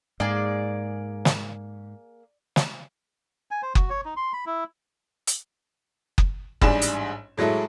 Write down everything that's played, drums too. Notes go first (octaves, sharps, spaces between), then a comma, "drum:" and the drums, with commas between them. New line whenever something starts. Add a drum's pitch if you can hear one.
G#2 A#3 G#4 D5
drum: snare
drum: snare
G#5
C5
F#4, drum: kick F#1
C#5
D#4
C6
B5
E4
drum: hi-hat
drum: kick F#1
A1 G#2 G3 D4 G#4 E7, drum: kick F#1
drum: hi-hat
A2 F#3 G#3 E4 A4